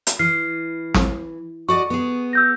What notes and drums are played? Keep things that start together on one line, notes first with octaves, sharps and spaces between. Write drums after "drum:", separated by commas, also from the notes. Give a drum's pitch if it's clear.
drum: hi-hat
E3 F6 C7
drum: snare
F#4 D5 D#5 C#6
B3 G#4
E6 G6 A#6